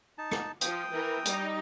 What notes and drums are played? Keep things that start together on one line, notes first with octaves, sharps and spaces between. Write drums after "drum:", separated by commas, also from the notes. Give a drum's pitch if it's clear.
D#4 A5
drum: rim click
F3 G5 D#6, drum: hi-hat
E3 A#4
G3 D#4, drum: hi-hat